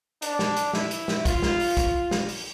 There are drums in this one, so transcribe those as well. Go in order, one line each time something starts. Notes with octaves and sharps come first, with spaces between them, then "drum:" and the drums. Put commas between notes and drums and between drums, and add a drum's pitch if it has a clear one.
D4, drum: hi-hat
drum: snare
drum: hi-hat
E4, drum: snare
drum: hi-hat
drum: snare
F4, drum: kick, hi-hat
drum: snare
drum: open hi-hat
drum: kick, hi-hat
drum: snare
drum: open hi-hat